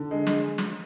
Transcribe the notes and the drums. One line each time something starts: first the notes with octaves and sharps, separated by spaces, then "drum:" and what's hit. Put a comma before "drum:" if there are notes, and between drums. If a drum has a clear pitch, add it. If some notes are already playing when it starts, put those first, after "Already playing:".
Already playing: D3
G#3
drum: snare
drum: snare